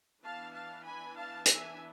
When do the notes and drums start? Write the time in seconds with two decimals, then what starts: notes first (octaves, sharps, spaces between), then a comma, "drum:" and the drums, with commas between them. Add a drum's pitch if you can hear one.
0.23 E3 B3 D4 F5 A5
0.54 F5 A5
0.85 G#5 B5
1.15 F5 A5
1.46 E5 G#5, drum: hi-hat